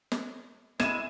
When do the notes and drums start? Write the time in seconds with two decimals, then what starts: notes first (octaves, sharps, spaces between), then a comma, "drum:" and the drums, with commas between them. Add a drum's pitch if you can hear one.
0.12 drum: snare
0.80 G#3 E4 G#6 D#7 E7, drum: snare